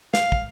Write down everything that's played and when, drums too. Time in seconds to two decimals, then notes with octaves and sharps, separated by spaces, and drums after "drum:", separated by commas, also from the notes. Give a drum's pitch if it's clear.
0.14 F5, drum: snare
0.32 drum: kick